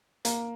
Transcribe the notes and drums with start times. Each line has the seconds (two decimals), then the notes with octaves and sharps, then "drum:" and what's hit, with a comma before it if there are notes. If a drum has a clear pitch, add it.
0.25 A#3, drum: hi-hat